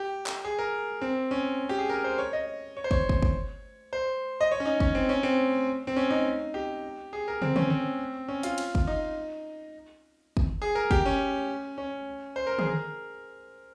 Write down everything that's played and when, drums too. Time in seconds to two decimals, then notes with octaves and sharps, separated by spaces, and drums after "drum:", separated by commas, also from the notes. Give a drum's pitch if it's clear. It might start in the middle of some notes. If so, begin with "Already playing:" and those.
Already playing: G4
0.26 drum: clap
0.45 G#4
0.59 A#4
1.01 C4
1.31 C#4
1.69 G4
1.79 G#4
1.89 A#4
2.04 C5
2.18 C#5
2.33 D#5
2.77 C#5
2.84 C5
2.91 C#5, drum: kick
3.09 drum: kick
3.22 drum: kick
3.93 C5
4.41 D#5
4.51 C#5
4.60 C#4
4.65 D#4
4.80 C#4, drum: kick
4.95 C4
5.09 C#4
5.23 C4
5.87 C4
5.96 C#4
6.10 D#4
6.54 G4
7.13 G#4
7.28 A#4
7.42 C4, drum: tom
7.56 C#4, drum: tom D3
7.70 C4
8.28 C#4
8.43 F4, drum: hi-hat
8.58 drum: cymbal
8.75 drum: kick
8.87 D#4
10.37 drum: kick
10.62 G#4
10.75 A#4
10.91 G4, drum: kick
11.06 C#4
11.78 C#4
12.36 C5
12.47 A#4
12.59 G#4, drum: tom D3
12.69 A#4